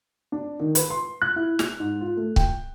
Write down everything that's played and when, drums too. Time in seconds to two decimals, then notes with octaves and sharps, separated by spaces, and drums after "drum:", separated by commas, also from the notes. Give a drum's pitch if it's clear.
0.32 D4
0.60 D#3
0.75 B4, drum: hi-hat
0.90 C6
1.22 F#6
1.36 E4
1.59 F7, drum: snare
1.80 G#2
2.01 F4
2.17 A3
2.36 G5, drum: kick C#1